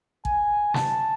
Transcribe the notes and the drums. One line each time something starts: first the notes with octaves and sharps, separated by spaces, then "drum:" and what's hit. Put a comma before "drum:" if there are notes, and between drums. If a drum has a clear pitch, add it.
G#5, drum: kick
A5, drum: snare